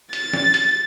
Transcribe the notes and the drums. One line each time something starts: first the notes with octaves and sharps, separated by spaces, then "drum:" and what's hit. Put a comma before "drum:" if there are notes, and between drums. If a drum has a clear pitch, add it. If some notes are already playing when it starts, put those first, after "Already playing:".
A6, drum: hi-hat
drum: snare
drum: hi-hat